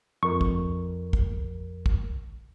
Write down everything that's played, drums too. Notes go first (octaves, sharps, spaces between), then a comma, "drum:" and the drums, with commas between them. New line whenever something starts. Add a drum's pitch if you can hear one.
F2 A#4 C#6
drum: kick
drum: kick
drum: kick